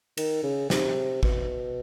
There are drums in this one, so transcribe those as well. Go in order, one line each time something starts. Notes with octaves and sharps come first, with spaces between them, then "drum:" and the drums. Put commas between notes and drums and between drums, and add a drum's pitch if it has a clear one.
D#3, drum: cymbal
C#3
C3, drum: snare
B2, drum: kick